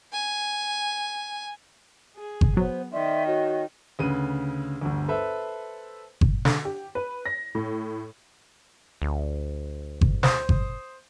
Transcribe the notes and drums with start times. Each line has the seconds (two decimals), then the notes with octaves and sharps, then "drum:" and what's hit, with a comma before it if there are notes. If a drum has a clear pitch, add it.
0.13 G#5
2.16 G#4
2.41 drum: kick G1
2.57 F#3 B3 C5
2.92 D#3 D5 E5 C6
3.27 F#4 C#5 D#5
3.99 D2 C#3 B4 D#7
4.81 G1 D2
5.08 A4 B4 C5 E5
6.21 drum: kick G1
6.45 D3, drum: snare
6.65 G4
6.95 B4
7.26 A#6
7.55 A2
9.02 D2
10.01 drum: kick G1
10.23 C5 D#6, drum: snare
10.49 drum: kick G1